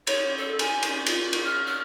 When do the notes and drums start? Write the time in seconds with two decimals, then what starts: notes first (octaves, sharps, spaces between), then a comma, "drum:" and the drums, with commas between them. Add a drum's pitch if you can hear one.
0.07 C#5, drum: cymbal
0.38 A4
0.59 G#5, drum: cymbal
0.83 drum: cymbal
1.06 F4, drum: cymbal
1.33 drum: cymbal
1.44 F6
1.67 F6